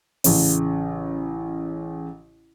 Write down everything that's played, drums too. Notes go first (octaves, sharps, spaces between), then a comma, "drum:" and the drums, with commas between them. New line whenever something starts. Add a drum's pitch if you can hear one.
A1 C#3, drum: open hi-hat